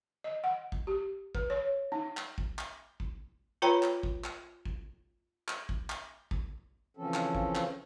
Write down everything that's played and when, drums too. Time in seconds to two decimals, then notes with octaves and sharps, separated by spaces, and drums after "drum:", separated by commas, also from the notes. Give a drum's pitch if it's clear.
0.24 D#5
0.44 F#5
0.72 drum: kick
0.87 G4
1.35 B4, drum: kick
1.50 C#5
1.92 D#4
2.17 drum: clap
2.38 drum: kick
2.58 drum: clap
3.00 drum: kick
3.62 F4 B4 C#5 G5 A#5 B5
3.83 drum: clap
4.03 drum: kick
4.24 drum: clap
4.65 drum: kick
5.48 drum: clap
5.69 drum: kick
5.90 drum: clap
6.31 drum: kick
6.97 C#3 E3 F3 C4 C#4 A4
7.14 drum: clap
7.35 drum: kick
7.55 drum: clap